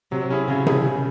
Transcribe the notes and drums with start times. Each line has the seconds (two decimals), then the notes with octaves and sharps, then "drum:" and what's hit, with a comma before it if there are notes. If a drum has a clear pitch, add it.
0.11 C3 F#3
0.30 C#4 E4 G#4
0.48 C#3 F#3
0.66 C#4 E4 G#4, drum: tom C3
0.85 C#3